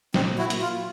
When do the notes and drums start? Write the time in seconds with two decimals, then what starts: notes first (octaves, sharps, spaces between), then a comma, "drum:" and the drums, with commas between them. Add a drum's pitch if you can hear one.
0.14 A#2 C4, drum: snare
0.38 E4 F#4
0.50 F#3 A#3, drum: hi-hat
0.62 F4